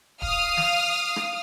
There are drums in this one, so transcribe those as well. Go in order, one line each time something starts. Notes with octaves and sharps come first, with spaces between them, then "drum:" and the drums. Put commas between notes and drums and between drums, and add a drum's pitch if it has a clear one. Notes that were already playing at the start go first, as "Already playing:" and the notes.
F5 D#6 F6, drum: kick
drum: snare
drum: rim click